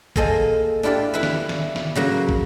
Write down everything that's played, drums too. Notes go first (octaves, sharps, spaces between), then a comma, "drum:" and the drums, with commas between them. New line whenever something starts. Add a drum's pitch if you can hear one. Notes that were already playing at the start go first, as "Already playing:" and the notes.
A#3 G#4 A4 C5 D#5, drum: kick
D4 E4 F4 G4 D5
E4 B4
drum: snare
drum: snare
drum: snare
C#3 F#3 A#3
drum: kick